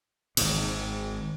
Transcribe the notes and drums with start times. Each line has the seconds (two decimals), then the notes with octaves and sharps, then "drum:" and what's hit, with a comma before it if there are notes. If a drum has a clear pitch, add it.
0.37 G#1 G#2, drum: cymbal